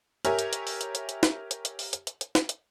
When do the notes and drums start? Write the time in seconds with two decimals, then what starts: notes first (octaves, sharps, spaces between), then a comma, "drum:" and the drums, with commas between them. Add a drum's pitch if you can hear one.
0.25 G4 A#4 C#5 E5 G#5, drum: hi-hat
0.39 drum: hi-hat
0.53 drum: hi-hat
0.67 drum: open hi-hat
0.81 drum: hi-hat
0.95 drum: hi-hat
1.09 drum: hi-hat
1.23 drum: snare
1.51 drum: hi-hat
1.65 drum: hi-hat
1.79 drum: open hi-hat
1.93 drum: hi-hat
2.07 drum: hi-hat
2.21 drum: hi-hat
2.35 drum: snare
2.49 drum: hi-hat